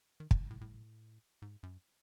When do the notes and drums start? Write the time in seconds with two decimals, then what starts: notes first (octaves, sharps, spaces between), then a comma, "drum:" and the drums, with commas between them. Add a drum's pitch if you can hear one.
0.20 D#3
0.31 E2, drum: kick
0.41 G#2
0.50 A2
0.61 A2
1.42 G#2
1.63 F#2